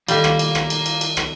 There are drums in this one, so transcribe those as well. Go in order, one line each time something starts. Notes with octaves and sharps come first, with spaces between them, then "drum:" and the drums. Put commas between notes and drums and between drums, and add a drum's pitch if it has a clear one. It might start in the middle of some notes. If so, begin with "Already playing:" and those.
D#3 G3 A#3 F4 A4 D5, drum: cymbal
drum: rim click
drum: cymbal
drum: rim click
drum: cymbal
drum: cymbal
drum: cymbal
drum: rim click